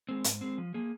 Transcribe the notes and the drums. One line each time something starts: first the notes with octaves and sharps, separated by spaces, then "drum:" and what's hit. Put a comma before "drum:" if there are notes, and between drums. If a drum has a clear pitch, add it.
G#3 C4
G#2, drum: hi-hat
G#3 C4
F3
A#3 G#4